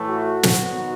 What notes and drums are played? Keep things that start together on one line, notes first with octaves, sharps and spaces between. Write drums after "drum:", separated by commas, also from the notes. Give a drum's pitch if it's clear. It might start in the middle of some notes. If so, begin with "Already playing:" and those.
Already playing: A2 E3 A3
F#4
drum: snare
D#3 F#3 B3